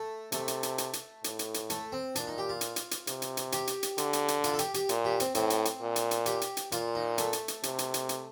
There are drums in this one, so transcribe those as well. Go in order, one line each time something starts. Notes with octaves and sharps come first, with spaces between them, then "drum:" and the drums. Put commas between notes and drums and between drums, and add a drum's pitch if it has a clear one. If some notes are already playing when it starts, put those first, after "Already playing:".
Already playing: A3
C3 A3, drum: hi-hat
drum: hi-hat
drum: hi-hat
drum: hi-hat
drum: hi-hat
A2, drum: hi-hat
drum: hi-hat
drum: hi-hat
A3, drum: hi-hat
C4
A#2 D4, drum: hi-hat
D#4
G4
F4
drum: hi-hat
drum: hi-hat
drum: hi-hat
C3, drum: hi-hat
drum: hi-hat
drum: hi-hat
G4, drum: hi-hat
drum: hi-hat
drum: hi-hat
D3, drum: hi-hat
drum: hi-hat
drum: hi-hat
F4, drum: hi-hat
A4
G4, drum: hi-hat
G4, drum: hi-hat
A#2, drum: hi-hat
G4
C4, drum: hi-hat
A2 C4, drum: hi-hat
drum: hi-hat
drum: hi-hat
A#2
drum: hi-hat
drum: hi-hat
G4, drum: hi-hat
drum: hi-hat
drum: hi-hat
A#2 F4, drum: hi-hat
D#4
A3, drum: hi-hat
drum: hi-hat
drum: hi-hat
C3, drum: hi-hat
drum: hi-hat
drum: hi-hat
drum: hi-hat